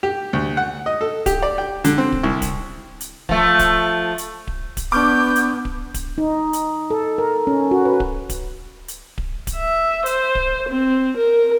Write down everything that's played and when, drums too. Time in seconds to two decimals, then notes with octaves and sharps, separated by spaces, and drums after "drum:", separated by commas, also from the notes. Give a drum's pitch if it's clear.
0.03 G4
0.33 D2
0.57 F#5
0.86 D#5
1.01 A4
1.26 G4, drum: kick D1, hi-hat
1.43 D5
1.58 G5
1.84 D3, drum: hi-hat
1.98 C4
2.12 drum: kick D1
2.24 C2
2.42 drum: kick D1, hi-hat
3.00 drum: hi-hat
3.29 F3 A3, drum: kick D1
3.59 drum: kick D1, hi-hat
4.18 drum: hi-hat
4.47 drum: kick D1
4.77 drum: kick D1, hi-hat
4.92 B3 D4 C#6 D6 F6 G6
5.36 drum: hi-hat
5.65 drum: kick D1
5.94 drum: kick D1, hi-hat
6.18 D#4
6.53 drum: hi-hat
6.90 A4
7.18 A#4
7.47 C#4
7.71 F#4
7.85 B4
8.00 drum: kick D1
8.29 drum: kick D1, hi-hat
8.88 drum: hi-hat
9.18 drum: kick D1
9.47 drum: kick D1, hi-hat
9.56 E5
10.06 C5, drum: hi-hat
10.35 drum: kick D1
10.69 C4
11.17 A#4